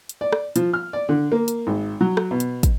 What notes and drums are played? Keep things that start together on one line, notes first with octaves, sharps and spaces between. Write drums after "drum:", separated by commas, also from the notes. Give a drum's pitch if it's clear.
drum: hi-hat
D5
drum: rim click
F3, drum: hi-hat
F6
D5
D3
A#3
drum: hi-hat
G#1
F#3
drum: rim click
B2
drum: hi-hat
drum: kick, hi-hat